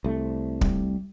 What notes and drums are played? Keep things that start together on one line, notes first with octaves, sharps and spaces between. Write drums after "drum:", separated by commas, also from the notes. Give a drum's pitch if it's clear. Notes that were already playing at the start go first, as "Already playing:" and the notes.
C2 A3
G3, drum: kick